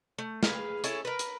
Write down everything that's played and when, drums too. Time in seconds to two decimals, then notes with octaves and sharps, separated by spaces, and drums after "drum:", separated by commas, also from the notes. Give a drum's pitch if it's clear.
0.18 A3
0.43 G#4 B4 F5, drum: snare
0.84 C#4 E4 G#4 A4, drum: hi-hat
1.05 A#4 B4
1.19 drum: hi-hat